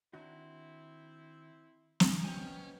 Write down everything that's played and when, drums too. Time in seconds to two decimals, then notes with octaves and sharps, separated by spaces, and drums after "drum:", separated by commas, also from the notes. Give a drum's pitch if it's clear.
0.14 D#3 C4 D4 E4 F#4
2.00 drum: snare
2.24 B2 A#3 C#4 C5 G5 G#5